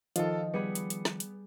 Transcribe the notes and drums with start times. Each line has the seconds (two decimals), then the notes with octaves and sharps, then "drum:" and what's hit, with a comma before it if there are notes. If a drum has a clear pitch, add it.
0.16 D#3 F3 F4 A4 D#5, drum: hi-hat
0.54 G3 B3 G#4 B5 C#7
0.75 drum: hi-hat
0.90 drum: hi-hat
1.05 drum: snare
1.20 drum: hi-hat